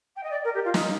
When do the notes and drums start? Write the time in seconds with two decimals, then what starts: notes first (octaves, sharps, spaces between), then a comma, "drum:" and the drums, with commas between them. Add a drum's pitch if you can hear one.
0.16 G5
0.23 D#5
0.30 D5
0.44 A#4
0.54 G4
0.64 F4
0.74 D#4, drum: snare